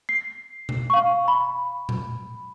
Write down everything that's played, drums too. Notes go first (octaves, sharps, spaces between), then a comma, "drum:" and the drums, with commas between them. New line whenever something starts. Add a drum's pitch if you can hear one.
C7
drum: tom B2
F5 C#6
B5
drum: tom A#2